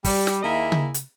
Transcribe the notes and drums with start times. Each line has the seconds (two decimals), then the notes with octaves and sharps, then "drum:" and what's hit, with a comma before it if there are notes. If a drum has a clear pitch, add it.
0.04 G3, drum: kick, open hi-hat
0.27 drum: snare
0.43 D#2 A#3 E4 G#4 D#5 E5
0.72 drum: tom C#3
0.94 drum: hi-hat